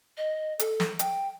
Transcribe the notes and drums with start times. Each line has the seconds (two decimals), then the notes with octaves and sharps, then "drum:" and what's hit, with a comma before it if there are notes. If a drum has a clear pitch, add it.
0.17 D#5
0.59 A4, drum: hi-hat
0.80 drum: snare
0.99 G5, drum: hi-hat